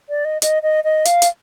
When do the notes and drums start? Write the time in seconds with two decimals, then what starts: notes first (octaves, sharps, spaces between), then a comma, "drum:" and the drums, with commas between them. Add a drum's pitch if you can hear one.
0.09 D5
0.25 D#5
0.42 D#5, drum: hi-hat
0.63 D#5
0.84 D#5
1.05 F5, drum: hi-hat
1.22 drum: hi-hat